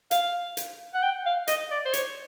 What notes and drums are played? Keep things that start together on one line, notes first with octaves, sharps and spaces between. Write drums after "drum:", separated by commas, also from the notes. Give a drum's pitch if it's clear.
F5, drum: hi-hat
drum: hi-hat
F#5
G5
F5
D#5, drum: hi-hat
D5
C5
C#5, drum: hi-hat